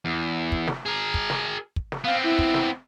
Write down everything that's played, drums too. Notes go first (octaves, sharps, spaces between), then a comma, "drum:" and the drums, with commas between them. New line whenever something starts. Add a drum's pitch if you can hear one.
E2
drum: kick
drum: snare
G#4 A#4
drum: kick
drum: snare
drum: kick
drum: snare
B3 C4 F5
E4
drum: kick
drum: snare